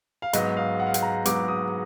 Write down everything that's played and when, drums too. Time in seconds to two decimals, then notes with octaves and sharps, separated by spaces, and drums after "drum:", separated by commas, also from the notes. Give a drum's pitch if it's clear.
0.22 F5
0.33 G#2 F#3 B3 D#5, drum: hi-hat
0.57 F5
0.80 F#5
0.87 F5
0.94 F#5, drum: hi-hat
1.02 A#5
1.25 G#2 F#3 B3 D6, drum: hi-hat
1.48 D#6